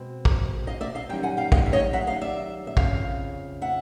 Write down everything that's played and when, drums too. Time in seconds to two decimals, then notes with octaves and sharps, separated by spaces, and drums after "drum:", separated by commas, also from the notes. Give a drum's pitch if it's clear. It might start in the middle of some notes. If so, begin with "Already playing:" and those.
Already playing: B2 G#3 C4
0.25 drum: kick
0.67 D#5 F5
0.81 D5 E5
0.95 D#5 F5
1.09 F#2 D#3 G3 G5
1.23 F#5 G#5
1.37 F5 G5
1.52 D#5 F5, drum: kick
1.66 E5
1.73 C#5 D#5
1.93 E5 F#5
2.07 D#5 F5
2.21 D5 E5
2.67 E5
2.77 F2 C#3 F5, drum: kick
3.62 E5 F#5